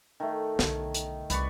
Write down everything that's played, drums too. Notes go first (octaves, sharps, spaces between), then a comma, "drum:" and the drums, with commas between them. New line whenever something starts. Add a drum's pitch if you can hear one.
D#3 A3
B1 D3, drum: snare
drum: hi-hat
C2 B4 D5 C#6, drum: hi-hat